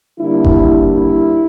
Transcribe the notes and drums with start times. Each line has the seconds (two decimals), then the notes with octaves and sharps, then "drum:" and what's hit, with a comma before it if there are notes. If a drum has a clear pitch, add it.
0.20 D3 G3 A#3 D4 E4
0.44 drum: kick F#1
0.94 E4